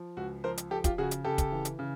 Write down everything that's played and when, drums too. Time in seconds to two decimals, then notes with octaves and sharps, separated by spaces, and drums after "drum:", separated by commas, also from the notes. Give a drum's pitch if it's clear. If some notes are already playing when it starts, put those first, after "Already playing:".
Already playing: F3
0.17 C#2 F#4
0.44 F3 A#4 C5
0.58 drum: hi-hat
0.71 F3 G4 A4
0.84 F4 G4, drum: kick, hi-hat
0.98 C#3 F#4 G#4
1.11 drum: hi-hat
1.24 C#3 G4 A4
1.38 drum: kick, hi-hat
1.52 E3
1.65 drum: hi-hat
1.79 C#3